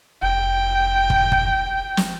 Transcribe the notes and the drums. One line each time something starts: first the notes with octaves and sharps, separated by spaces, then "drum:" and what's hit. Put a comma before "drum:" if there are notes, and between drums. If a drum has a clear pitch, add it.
F1 G5
drum: kick
drum: kick
drum: snare